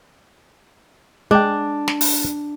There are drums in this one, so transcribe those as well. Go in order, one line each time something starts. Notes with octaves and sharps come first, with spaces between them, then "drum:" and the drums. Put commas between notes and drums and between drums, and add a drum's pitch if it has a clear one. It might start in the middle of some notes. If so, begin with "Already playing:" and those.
G#3 D4 G5
drum: snare
drum: open hi-hat